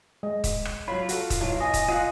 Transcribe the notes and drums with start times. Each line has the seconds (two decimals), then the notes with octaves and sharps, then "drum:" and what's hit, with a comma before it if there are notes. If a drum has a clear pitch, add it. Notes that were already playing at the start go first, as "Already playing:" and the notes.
0.23 G#3 D#5
0.44 drum: kick, hi-hat
0.65 drum: rim click
0.88 F#3 F4 C#5 B5
1.09 F#4 A4, drum: hi-hat
1.30 drum: kick, hi-hat
1.40 B1 F#3 E4
1.60 D#5 G#5
1.74 drum: kick, hi-hat
1.89 F4 D#5 F5 F#5